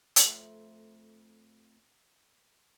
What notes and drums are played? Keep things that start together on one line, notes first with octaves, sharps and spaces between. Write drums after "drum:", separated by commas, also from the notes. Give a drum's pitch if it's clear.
F2 A3, drum: hi-hat